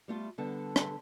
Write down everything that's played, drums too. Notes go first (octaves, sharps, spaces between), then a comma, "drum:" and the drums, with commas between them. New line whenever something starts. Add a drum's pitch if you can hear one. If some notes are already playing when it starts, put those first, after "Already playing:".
G3 A3 F4
D3 G3 B3 A4 A5
drum: rim click